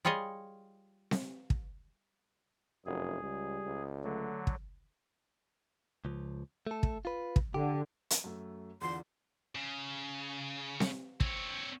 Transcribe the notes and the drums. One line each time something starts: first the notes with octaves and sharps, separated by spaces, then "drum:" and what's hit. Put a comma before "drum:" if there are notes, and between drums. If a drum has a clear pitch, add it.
G3 F4 G#4 C#5 D#5
drum: snare C4
drum: kick
F1 F#2 G#4
C#2 G3
C#2
D3 F#3 A3
drum: kick
C#2 F3
A3 A4
drum: kick
F4 B4
drum: kick
D3 G4
drum: hi-hat
F#2 A3
E2 D3 F4 C6
C#3
drum: snare C4
C4 C#5, drum: kick